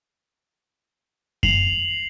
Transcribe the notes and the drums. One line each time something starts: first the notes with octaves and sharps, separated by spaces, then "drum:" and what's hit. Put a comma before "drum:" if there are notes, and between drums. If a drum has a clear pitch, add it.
C7 F7 F#7, drum: kick F#2